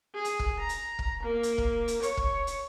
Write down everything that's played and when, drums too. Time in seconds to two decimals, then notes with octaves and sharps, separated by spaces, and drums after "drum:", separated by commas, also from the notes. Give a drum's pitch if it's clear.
0.15 G#4
0.25 drum: hi-hat
0.39 drum: kick
0.59 A#5
0.69 drum: hi-hat
0.99 drum: kick
1.23 A#3
1.43 drum: hi-hat
1.58 drum: kick
1.88 drum: hi-hat
2.03 C#5, drum: hi-hat
2.17 drum: kick
2.47 drum: hi-hat